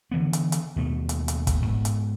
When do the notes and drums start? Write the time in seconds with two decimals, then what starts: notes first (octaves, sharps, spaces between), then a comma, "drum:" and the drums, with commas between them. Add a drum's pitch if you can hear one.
0.11 D3 E3 B3
0.33 drum: hi-hat
0.52 drum: hi-hat
0.76 D#2 B2 A3
1.09 drum: hi-hat
1.28 drum: hi-hat
1.47 drum: kick, hi-hat
1.66 G#2 B3
1.85 drum: hi-hat